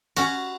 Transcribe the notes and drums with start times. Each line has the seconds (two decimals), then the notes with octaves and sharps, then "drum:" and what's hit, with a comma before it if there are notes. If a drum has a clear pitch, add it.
0.17 C#4 F#4, drum: cymbal